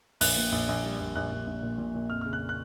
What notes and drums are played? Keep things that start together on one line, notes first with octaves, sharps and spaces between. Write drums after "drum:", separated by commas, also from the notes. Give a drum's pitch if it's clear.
A#1 F#6, drum: open hi-hat
A#2
A#1
A#1
G3
A#1
A#1 F#6
A#1
A#1
A#2
A#2
A#2
F2 F6
C#3 F6
F#6
F#6